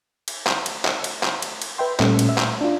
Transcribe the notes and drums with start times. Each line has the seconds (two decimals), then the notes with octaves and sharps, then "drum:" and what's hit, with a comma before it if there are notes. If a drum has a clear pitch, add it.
0.28 drum: cymbal
0.47 drum: clap
0.66 drum: cymbal
0.85 drum: clap
1.04 drum: cymbal
1.23 drum: clap
1.42 drum: cymbal
1.62 drum: cymbal
1.78 B4 E5 G5 C6
2.00 A#2 G3 A3 C#4, drum: clap
2.19 drum: cymbal
2.29 E5
2.38 drum: clap
2.61 D4 F4